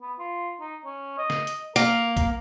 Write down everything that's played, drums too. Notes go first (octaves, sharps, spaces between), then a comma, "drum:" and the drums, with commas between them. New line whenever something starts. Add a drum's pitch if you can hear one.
B3
F4
D#4
C#4
D#5
drum: snare
drum: hi-hat
A#3 A#4
drum: kick B1, hi-hat